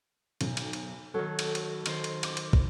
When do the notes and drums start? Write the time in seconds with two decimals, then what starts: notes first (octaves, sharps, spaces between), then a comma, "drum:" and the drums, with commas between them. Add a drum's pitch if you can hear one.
0.41 B1, drum: cymbal
0.57 drum: cymbal
0.73 drum: cymbal
1.14 D#3 F#3 A4
1.39 drum: cymbal
1.55 drum: cymbal
1.86 D#3 D#4 C5, drum: cymbal
2.04 drum: cymbal
2.23 D6, drum: cymbal
2.37 drum: cymbal
2.53 drum: kick